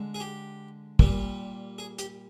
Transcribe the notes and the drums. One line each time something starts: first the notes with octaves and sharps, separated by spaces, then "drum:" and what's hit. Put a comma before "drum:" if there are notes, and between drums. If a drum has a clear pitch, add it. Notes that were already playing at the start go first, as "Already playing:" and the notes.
Already playing: D3 G#3
G#4
G4
A#2 G3, drum: kick
G#4
G4, drum: hi-hat